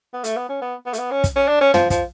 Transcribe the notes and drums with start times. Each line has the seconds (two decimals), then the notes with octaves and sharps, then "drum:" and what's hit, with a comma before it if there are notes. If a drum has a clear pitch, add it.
0.14 B3
0.24 A3, drum: hi-hat
0.37 B3
0.49 C#4
0.61 B3
0.86 B3
0.93 A3, drum: hi-hat
0.99 B3
1.11 C#4
1.24 drum: kick, hi-hat
1.36 C#4
1.48 D4
1.61 C#4
1.74 F3, drum: tom
1.90 F3, drum: kick, hi-hat